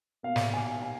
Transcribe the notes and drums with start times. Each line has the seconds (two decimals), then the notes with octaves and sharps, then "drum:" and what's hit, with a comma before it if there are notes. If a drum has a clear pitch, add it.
0.23 B2 A#3 F5
0.36 drum: snare
0.53 G#5
0.82 G#5